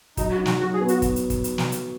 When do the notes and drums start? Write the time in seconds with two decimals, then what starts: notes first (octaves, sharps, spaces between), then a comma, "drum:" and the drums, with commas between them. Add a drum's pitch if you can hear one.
0.17 F#3 D#4, drum: kick, hi-hat
0.31 F#4
0.39 D#4
0.46 F#4, drum: snare
0.60 F#3 F#4
0.74 G#4
0.81 B3
0.88 F#4, drum: hi-hat
1.02 drum: kick, hi-hat
1.16 drum: hi-hat
1.30 drum: kick, hi-hat
1.44 drum: hi-hat
1.58 drum: snare
1.72 drum: hi-hat